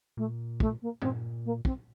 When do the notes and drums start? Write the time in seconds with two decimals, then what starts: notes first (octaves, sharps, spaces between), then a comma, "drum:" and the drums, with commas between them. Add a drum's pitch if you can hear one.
0.17 A#2 A3
0.60 A3, drum: kick
0.82 A#3
1.02 A#2 C4, drum: tom G2
1.45 A#3
1.65 C4, drum: kick